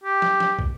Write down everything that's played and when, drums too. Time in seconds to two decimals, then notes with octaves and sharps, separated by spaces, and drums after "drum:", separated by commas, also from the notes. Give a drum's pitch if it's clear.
0.04 G4
0.22 drum: snare
0.40 drum: snare
0.59 drum: kick